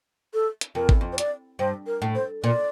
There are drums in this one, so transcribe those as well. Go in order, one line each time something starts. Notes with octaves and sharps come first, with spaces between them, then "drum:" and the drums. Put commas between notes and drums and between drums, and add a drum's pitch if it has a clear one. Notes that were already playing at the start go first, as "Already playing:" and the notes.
A4
drum: hi-hat
F2 A#4
E2, drum: kick G#1
F2
C5
D5, drum: hi-hat
G2 C5
A#4
A2
C5
A#2 D5